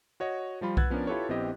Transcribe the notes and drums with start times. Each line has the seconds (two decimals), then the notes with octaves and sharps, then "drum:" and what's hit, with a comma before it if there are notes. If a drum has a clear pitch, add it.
0.20 F#4 C#5 D#5 F#5
0.61 F3 G3 F4 B5
0.77 B4 F#5 E6 F#6 G#6 A6, drum: kick B1
0.90 F3 B3 C#4 D4 A#4 D5
1.07 E4 F4 G4 A4 B4 C#5
1.29 A#1 B3 C4 E4 G4 D#5